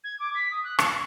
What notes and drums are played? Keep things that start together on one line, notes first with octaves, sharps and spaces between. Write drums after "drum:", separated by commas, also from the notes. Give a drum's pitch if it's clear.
G#6
D6
B6
D#6
F#6
A5, drum: rim click
C#6